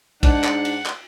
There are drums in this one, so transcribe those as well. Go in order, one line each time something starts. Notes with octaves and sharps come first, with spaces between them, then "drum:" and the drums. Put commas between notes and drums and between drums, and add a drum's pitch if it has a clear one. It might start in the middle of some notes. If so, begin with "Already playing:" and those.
G#2 D4 F#5, drum: kick, cymbal
drum: clap
drum: cymbal
drum: clap